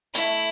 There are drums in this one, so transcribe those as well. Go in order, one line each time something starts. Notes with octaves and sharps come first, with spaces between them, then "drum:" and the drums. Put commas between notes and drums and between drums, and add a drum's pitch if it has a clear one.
A3 E4, drum: hi-hat